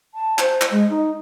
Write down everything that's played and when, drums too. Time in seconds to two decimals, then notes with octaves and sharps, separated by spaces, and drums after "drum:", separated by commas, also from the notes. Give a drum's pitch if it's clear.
0.14 A5
0.39 C5, drum: clap
0.61 drum: clap
0.71 G#3
0.90 D#4